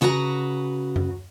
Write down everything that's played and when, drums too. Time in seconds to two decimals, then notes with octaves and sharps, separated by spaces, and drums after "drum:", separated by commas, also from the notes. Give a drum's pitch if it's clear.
0.01 C#3 F#4 B4 E5 A#5
0.96 drum: tom F#2